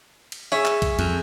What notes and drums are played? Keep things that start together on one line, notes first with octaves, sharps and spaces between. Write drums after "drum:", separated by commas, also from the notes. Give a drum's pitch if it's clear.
drum: cymbal
C#4 G#4 E5
drum: clap
drum: kick, cymbal
F2, drum: cymbal